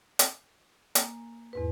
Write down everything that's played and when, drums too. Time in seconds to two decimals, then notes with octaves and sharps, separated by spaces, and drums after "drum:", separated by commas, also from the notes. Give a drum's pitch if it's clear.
0.19 drum: hi-hat
0.95 A#3 G#5, drum: hi-hat
1.53 E2 G#2 B4